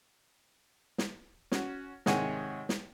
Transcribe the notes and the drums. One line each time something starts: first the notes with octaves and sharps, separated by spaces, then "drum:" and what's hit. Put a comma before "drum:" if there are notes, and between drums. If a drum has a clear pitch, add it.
drum: snare
C#4 F#4, drum: snare
G#2 C3 D#3 C#5 F#5 G#5, drum: snare
drum: snare